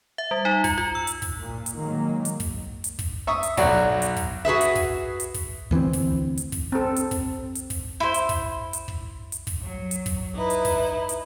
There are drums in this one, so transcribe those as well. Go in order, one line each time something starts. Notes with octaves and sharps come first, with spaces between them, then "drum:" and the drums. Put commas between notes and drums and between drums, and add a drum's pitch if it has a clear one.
E5
G3
D#4
F4, drum: kick, open hi-hat
F4
E6
drum: hi-hat
drum: kick, open hi-hat
A#2
drum: hi-hat
D#3 F#3 G#3 A#3
drum: hi-hat
drum: kick, open hi-hat
drum: hi-hat
drum: kick, open hi-hat
E5 C#6 D#6
drum: hi-hat
B1 F#3 F#4 D5 C#6, drum: kick, open hi-hat
drum: hi-hat
drum: kick, open hi-hat
F#4 G#4 B4 E5
drum: hi-hat
drum: kick, open hi-hat
drum: hi-hat
drum: kick, open hi-hat
D2 E3 G3 C4
drum: kick, open hi-hat
drum: hi-hat
drum: kick, open hi-hat
C4 A4
drum: hi-hat
drum: kick, open hi-hat
drum: hi-hat
drum: kick, open hi-hat
E4 C5
drum: hi-hat
drum: kick, open hi-hat
drum: hi-hat
drum: kick
drum: hi-hat
drum: kick, open hi-hat
F#3
drum: hi-hat
drum: kick, open hi-hat
D#4 E4 B4
drum: hi-hat
drum: kick, open hi-hat
drum: hi-hat